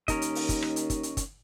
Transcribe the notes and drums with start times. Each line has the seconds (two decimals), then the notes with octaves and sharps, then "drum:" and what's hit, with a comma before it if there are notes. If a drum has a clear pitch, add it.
0.08 D#2 C#4 A#4 D#5, drum: kick, hi-hat
0.22 drum: hi-hat
0.35 drum: open hi-hat
0.49 drum: kick, hi-hat
0.62 drum: rim click
0.76 drum: hi-hat
0.90 drum: kick, hi-hat
1.03 drum: hi-hat
1.17 drum: kick, hi-hat